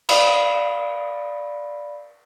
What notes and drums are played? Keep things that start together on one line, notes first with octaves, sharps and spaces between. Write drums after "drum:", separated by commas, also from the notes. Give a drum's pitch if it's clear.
D5 F5 B5, drum: cymbal